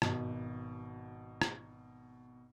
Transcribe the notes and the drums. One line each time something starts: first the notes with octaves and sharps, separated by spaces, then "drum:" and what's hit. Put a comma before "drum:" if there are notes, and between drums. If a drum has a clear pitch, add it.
G#1 B2, drum: rim click
drum: rim click